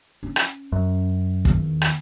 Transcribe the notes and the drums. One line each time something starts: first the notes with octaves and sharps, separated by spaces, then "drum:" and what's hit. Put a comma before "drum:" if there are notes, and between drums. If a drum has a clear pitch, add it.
C#4
drum: rim click
F#2
E2 D#3, drum: kick
drum: rim click